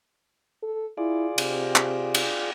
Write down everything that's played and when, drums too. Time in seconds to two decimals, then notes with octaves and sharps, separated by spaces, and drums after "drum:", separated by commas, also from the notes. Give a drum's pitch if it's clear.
0.63 A4
0.98 E4 F4 G#4 D5
1.38 C3, drum: cymbal
1.76 drum: clap
2.15 drum: cymbal